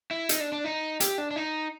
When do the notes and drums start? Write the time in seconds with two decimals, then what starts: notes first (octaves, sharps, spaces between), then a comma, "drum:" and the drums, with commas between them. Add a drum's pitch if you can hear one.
0.11 E4
0.29 D#4, drum: hi-hat
0.40 D4
0.52 D4
0.64 D#4
1.00 G4, drum: hi-hat
1.18 D4
1.31 D4
1.36 D#4